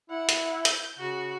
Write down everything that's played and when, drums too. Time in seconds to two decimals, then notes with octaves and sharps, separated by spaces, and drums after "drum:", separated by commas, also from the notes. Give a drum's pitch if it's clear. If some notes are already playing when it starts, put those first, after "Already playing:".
0.10 E4 F#5
0.29 drum: hi-hat
0.65 G6, drum: hi-hat
0.99 C#3 F#4